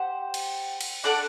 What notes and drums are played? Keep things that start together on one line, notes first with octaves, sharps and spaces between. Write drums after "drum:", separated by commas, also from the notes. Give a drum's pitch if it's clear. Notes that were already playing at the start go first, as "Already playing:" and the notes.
Already playing: G4 C5 F#5
drum: cymbal
drum: cymbal
D4 A4 D5 F#5